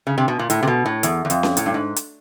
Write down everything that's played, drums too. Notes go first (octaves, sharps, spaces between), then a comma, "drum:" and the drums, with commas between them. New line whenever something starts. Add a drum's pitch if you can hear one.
C#3
C3
B2
A#2
A2, drum: hi-hat
C3
B2
A2
E2, drum: hi-hat
E2
F2, drum: hi-hat
drum: snare C#4
A2, drum: hi-hat
G2
G#2
drum: hi-hat